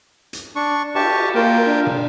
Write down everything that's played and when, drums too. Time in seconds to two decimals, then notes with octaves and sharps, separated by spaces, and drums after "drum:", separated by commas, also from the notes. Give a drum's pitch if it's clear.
0.33 drum: hi-hat
0.56 D4 C#6
0.95 G4 A5 C#6, drum: cymbal
1.35 A#3 F4 A#4 G5
1.67 D4
1.87 drum: tom